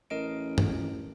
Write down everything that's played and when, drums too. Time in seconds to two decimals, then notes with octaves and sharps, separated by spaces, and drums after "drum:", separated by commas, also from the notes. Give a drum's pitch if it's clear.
0.10 A1 A#4 D#5 D7
0.58 drum: tom G2